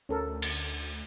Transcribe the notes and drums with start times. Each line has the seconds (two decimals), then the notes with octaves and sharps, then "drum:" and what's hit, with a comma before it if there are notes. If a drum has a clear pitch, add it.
0.09 D2 C#4 A4 A#4
0.42 drum: cymbal